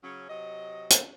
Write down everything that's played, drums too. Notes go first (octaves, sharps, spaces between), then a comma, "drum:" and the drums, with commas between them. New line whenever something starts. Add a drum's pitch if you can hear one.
C#3 F#3 C#4
C3 F#3 D#5
drum: hi-hat